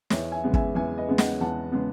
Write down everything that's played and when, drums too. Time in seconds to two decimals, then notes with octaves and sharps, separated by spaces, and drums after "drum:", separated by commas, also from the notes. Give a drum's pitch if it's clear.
0.10 E2 C#5 E5, drum: snare
0.32 E5 G#5
0.44 C#3 G#3 B3
0.53 E5 G#5, drum: kick
0.75 E2 E5 G#5
0.98 B4 D#5
1.08 C#3 G#3 B3
1.18 D#5 F#5, drum: snare
1.41 E2 F#5 A5
1.72 C#3 G#3 B3